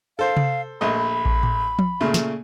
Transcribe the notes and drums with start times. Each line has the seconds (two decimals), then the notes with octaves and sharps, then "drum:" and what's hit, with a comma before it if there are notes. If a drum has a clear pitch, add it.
0.19 A4 C5 F5
0.37 drum: tom C3
0.81 A#1 A3 D#5 B5
1.25 drum: kick A1
1.43 drum: tom A2
1.79 drum: tom F3
2.00 A#2 C#3 A3
2.14 drum: snare